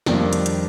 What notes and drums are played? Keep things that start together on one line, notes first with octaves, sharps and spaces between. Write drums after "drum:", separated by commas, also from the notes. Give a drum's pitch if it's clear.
F2 D#3 G3 D4 F4, drum: snare
drum: hi-hat
drum: hi-hat